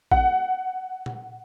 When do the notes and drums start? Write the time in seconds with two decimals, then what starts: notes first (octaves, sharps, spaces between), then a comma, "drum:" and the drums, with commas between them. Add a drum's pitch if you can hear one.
0.11 F#5, drum: kick A1
1.06 drum: tom A#2